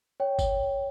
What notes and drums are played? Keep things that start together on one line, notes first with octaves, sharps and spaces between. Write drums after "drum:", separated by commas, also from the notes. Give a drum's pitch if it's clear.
C#5 G5
drum: kick G1, tambourine